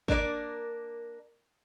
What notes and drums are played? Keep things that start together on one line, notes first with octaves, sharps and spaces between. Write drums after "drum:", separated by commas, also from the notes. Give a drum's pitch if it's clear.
A#3 D4 A#4 D5, drum: kick